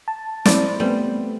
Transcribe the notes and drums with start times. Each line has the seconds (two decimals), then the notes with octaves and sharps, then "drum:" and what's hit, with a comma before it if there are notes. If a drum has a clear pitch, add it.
0.08 A5
0.45 E4 C5 D5, drum: snare
0.80 G3 A3 B3 C4